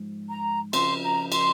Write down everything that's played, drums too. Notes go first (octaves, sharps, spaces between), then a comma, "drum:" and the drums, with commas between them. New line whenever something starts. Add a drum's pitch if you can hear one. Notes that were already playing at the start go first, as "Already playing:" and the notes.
Already playing: G#2 F3 G#3
A#5
C#3 F3 C4 C6, drum: cymbal
A#5
C6, drum: cymbal